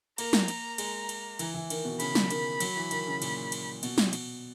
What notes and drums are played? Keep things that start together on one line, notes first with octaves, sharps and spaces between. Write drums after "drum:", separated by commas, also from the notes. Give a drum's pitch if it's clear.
A#3 A#5, drum: cymbal
drum: snare
drum: cymbal
G#3, drum: cymbal
drum: cymbal
E3, drum: cymbal
E3
D#3, drum: cymbal
B2
C#3 B5, drum: cymbal
drum: snare
D#3, drum: cymbal
F#3, drum: cymbal
E3
D#3, drum: cymbal
C#3
A#2, drum: cymbal
drum: cymbal
B2, drum: cymbal
drum: snare
drum: cymbal